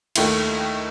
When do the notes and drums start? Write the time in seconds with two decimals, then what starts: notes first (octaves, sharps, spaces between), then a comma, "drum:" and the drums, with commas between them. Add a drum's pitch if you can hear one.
0.16 D#2 D#3 A3 E4, drum: cymbal